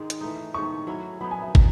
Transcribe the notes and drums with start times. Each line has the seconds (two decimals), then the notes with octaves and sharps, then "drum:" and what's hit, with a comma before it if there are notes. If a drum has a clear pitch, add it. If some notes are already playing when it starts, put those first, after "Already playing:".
Already playing: G#2 D#3 G#3
0.10 drum: hi-hat
0.21 E3 A3 D#4
0.54 G#2 D#3 A3 C#6
0.87 F#3 C#4 E4
1.21 F#3 B3 D#4 B5
1.31 G#5
1.42 E5
1.55 F#3, drum: kick